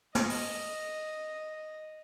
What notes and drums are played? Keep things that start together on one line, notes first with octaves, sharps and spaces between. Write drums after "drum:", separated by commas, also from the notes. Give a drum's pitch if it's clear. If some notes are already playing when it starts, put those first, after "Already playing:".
D#5, drum: snare
drum: open hi-hat